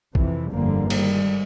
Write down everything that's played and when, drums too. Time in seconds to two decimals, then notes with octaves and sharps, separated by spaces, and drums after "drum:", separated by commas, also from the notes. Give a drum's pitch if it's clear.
0.15 F2 C3 E3, drum: kick
0.53 G1 F2 D3 G3 A#3
0.90 G#2 D#3 G3, drum: cymbal